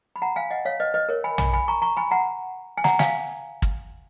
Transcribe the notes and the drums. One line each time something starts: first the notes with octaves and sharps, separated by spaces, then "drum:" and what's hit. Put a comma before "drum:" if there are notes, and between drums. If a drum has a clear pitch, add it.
B5
F#5 A#5
F5 G#5
D#5 F#5
C#5 F5
B4 D#5
B4 D#5
A#4 C#5
G#5 B5
G#5 B5, drum: tom A#1
G#5 B5
A#5 C#6
A#5 C#6
G#5 B5
F#5 A#5
G#5
F#5 A#5, drum: snare
F5 G#5, drum: snare
drum: kick